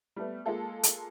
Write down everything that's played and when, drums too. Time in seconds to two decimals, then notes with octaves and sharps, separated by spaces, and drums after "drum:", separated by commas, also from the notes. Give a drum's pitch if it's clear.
0.16 G3 A3 B3
0.46 G#3 A#3 F4 A4
0.83 drum: hi-hat